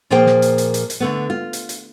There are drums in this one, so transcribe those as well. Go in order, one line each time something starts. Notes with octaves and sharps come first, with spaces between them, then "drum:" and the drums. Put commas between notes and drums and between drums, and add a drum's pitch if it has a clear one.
A#2 F3 A#3 G#4 C5 G5
drum: snare
drum: hi-hat
drum: hi-hat
drum: hi-hat
drum: hi-hat
D3 A3 B3
F4
drum: hi-hat
drum: hi-hat